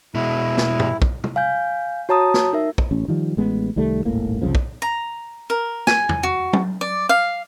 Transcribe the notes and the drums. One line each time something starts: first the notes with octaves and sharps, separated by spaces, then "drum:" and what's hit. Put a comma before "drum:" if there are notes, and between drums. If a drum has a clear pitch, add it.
B2 G#3 E4
drum: snare
drum: tom
drum: kick
drum: tom
F5 G#5 G6
F#4 C#5 A5 A#5 D#6
drum: snare
D#4 A#4 E5
drum: kick
A1 C#4
D#3 F3 G3
A1 G#3 B3
C2 D#3 G3 A3
D#1 G#1 A2 A#3
F#1 C2 C#3 F3
drum: kick
A#5
A#4
G#5, drum: snare
drum: tom
F#4
drum: tom
D5
F5